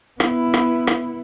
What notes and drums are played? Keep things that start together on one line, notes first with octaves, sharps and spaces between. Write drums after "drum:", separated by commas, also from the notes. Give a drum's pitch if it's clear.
B3 E4, drum: rim click
drum: rim click
drum: rim click